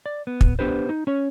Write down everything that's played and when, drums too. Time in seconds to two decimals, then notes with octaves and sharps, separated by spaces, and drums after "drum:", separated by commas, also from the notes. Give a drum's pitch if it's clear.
0.06 D5
0.27 B3
0.41 drum: kick
0.59 B3 D4 G4 B4 C5
0.89 D#4
1.07 C#4 C#5